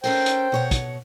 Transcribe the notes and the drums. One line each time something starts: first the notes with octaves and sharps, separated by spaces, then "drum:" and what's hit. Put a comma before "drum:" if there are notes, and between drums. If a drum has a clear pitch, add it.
C#4 A4 A#4 C5 G5, drum: open hi-hat
drum: hi-hat
B2 C#5 F#5
drum: kick, hi-hat